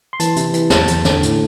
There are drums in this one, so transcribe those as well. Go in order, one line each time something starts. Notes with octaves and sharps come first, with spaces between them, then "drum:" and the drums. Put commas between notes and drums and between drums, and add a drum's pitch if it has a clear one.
C6
E3 A5, drum: hi-hat
C3, drum: hi-hat
E3, drum: hi-hat
E2 A5, drum: snare
E2, drum: hi-hat
D3, drum: snare
A2, drum: hi-hat